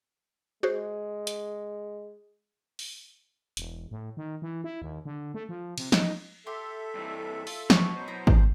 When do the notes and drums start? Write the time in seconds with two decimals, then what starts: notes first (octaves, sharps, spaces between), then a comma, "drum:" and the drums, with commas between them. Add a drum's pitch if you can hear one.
0.63 G#3 F#4 G#4 C5
1.27 drum: hi-hat
2.79 drum: open hi-hat
3.57 E1, drum: hi-hat
3.91 A2
4.17 D#3
4.42 E3
4.64 E4
4.82 D#2
5.05 D3
5.34 A3
5.49 F3
5.78 C3, drum: cymbal
5.92 D#4, drum: snare
6.46 G4 A4 E5 C6
6.95 G2 E3
7.47 F4, drum: open hi-hat
7.70 B2 E5 C#6, drum: snare
7.95 F#3 C5
8.08 E4 A#5
8.27 drum: kick G#1